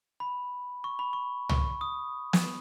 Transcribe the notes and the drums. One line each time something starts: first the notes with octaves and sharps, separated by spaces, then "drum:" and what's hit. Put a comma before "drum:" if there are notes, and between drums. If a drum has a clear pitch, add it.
B5
C#6
B5
C#6
C#6, drum: tom
D#6
drum: snare